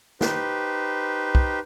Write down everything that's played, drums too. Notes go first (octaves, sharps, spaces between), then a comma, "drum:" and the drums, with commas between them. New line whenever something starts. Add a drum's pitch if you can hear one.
D#4 G4 B4 C5, drum: snare
drum: kick